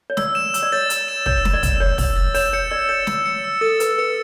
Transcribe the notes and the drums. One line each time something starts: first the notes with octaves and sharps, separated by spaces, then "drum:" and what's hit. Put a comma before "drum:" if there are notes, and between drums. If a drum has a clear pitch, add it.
C#5
D5 E6, drum: snare
E7
E6, drum: hi-hat
D5
C#5 A6
E6, drum: hi-hat
E7
C#5 E6, drum: kick
A6, drum: snare
D5
E6, drum: kick, hi-hat
C#5 E7
E6, drum: kick, open hi-hat
A6
C#5 E7, drum: open hi-hat
C#5 C#7
D5 E6
C#5 A6
E7, drum: snare
C#7
E6
A4 A6
B4 E7, drum: hi-hat
B4 C#7